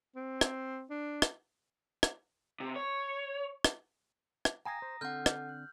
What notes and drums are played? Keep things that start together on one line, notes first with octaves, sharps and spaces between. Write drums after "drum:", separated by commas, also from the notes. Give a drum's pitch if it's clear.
C4
drum: rim click
D4
drum: rim click
drum: rim click
C3
C#5
drum: rim click
drum: rim click
F5 G5 G#5 A#5 D#6 A#6
C5
D3 C4 A4 F#5 F6 G6
drum: rim click
F#6